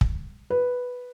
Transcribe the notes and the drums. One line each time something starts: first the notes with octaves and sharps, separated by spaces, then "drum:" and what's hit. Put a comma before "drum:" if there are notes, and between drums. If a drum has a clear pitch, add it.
drum: kick
B4